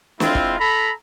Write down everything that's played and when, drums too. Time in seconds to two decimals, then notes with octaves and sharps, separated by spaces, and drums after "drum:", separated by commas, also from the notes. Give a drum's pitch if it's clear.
0.20 G#3 C4 E4 F4, drum: snare
0.35 drum: kick
0.59 A4 A#5 B5